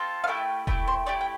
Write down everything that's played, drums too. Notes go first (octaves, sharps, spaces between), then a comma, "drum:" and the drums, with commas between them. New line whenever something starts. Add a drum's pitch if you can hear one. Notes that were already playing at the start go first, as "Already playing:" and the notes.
Already playing: C4 F4 A4
F5
A3 E4 G4 E5
A3 E4 G4 E5, drum: kick E1
C5
A3 E4 G4 D5
G5